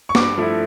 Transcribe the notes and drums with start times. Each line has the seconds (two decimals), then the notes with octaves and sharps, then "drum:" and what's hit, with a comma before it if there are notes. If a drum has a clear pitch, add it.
0.09 C#6
0.15 G2 D6, drum: snare
0.38 F3 A3 E4